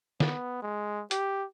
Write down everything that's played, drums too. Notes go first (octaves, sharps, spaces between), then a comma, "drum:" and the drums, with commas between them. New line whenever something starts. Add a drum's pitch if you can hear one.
B3, drum: snare
G#3
G4, drum: hi-hat